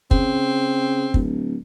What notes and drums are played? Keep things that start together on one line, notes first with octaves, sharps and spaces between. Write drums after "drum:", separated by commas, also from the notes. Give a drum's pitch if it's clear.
C#3 C4, drum: kick
D1, drum: kick